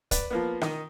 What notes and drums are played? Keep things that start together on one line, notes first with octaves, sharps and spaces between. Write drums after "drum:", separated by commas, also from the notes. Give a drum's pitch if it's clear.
B4 D5, drum: kick, hi-hat
F3 A#3 B3
D#3 D#4, drum: rim click